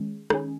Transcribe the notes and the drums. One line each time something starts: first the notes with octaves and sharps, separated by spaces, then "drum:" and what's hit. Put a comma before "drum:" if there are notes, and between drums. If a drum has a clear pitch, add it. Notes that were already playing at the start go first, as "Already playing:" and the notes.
Already playing: D#3 G#3 C#4
D#3 G#3 C#4 G#4, drum: rim click